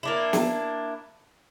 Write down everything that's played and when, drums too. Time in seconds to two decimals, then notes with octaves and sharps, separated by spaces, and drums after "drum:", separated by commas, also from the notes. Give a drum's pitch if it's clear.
0.03 A#3 D4 E4
0.33 drum: snare